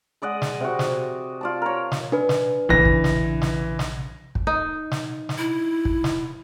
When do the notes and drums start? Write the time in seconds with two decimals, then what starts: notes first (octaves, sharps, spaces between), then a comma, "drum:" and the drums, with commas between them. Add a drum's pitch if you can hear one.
0.22 G#3 D5 D#5 F#5
0.42 drum: snare
0.60 C3 F#4
0.79 drum: snare
1.41 F4 D5 A5
1.62 A#4 C#5
1.92 drum: snare
2.12 D4 B4
2.29 drum: snare
2.69 A#1 C#3 E3 A#6
2.85 drum: kick
3.04 drum: snare
3.42 drum: snare
3.79 drum: snare
4.35 drum: kick
4.47 D#4
4.92 drum: snare
5.29 drum: snare
5.38 E4
5.85 drum: kick
6.04 drum: snare